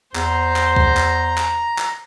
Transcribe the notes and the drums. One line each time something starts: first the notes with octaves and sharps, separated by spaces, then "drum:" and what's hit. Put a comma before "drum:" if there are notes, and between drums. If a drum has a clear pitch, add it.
E2 C5 A#5, drum: clap
drum: clap
drum: kick C2
drum: clap
drum: clap
drum: clap